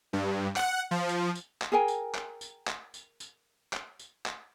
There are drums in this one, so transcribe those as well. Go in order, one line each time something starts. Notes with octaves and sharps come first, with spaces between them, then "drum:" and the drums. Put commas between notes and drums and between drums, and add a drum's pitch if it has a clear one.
G2
F#5, drum: clap
F3
drum: tambourine
drum: tambourine
drum: clap
G#4 A#4 G5 G#5
drum: tambourine
drum: clap
drum: tambourine
drum: clap
drum: tambourine
drum: tambourine
drum: clap
drum: tambourine
drum: clap